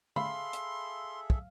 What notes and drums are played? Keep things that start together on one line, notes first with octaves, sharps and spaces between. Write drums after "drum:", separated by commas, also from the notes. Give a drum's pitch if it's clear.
G#4 A4 E5 F5 B5 C6, drum: tom D3
drum: hi-hat
drum: kick